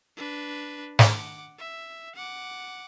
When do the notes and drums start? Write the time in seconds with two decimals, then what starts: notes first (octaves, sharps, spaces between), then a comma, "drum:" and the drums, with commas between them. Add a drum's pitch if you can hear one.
0.17 D4 B4
0.99 F#5 D6, drum: snare
1.58 E5
2.15 F#5 D6